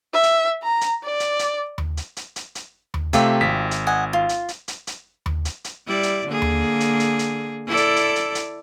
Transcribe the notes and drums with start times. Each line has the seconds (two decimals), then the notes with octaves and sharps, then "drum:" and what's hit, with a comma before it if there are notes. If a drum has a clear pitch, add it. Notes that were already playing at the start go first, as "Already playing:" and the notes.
0.14 E5
0.23 drum: hi-hat
0.63 A#5
0.81 drum: hi-hat
1.04 D5
1.20 drum: hi-hat
1.39 drum: hi-hat
1.78 drum: tom D#2
1.97 drum: hi-hat
2.17 drum: hi-hat
2.36 drum: hi-hat
2.55 drum: hi-hat
2.94 drum: tom D#2
3.13 C3 A3 F4 G4 E5, drum: hi-hat
3.41 G#1 B6
3.71 drum: hi-hat
3.87 D#5 F#5 G#5
4.13 F4
4.29 drum: hi-hat
4.48 drum: hi-hat
4.68 drum: hi-hat
4.87 drum: hi-hat
5.26 drum: tom D#2
5.45 drum: hi-hat
5.64 drum: hi-hat
5.87 G3 E4 D5
6.03 drum: hi-hat
6.27 D3 A#3 G#4
6.42 drum: tom D#2
6.80 drum: hi-hat
7.00 drum: hi-hat
7.19 drum: hi-hat
7.67 E4 A4 D5
7.77 drum: hi-hat
7.96 drum: hi-hat
8.16 drum: hi-hat
8.35 drum: hi-hat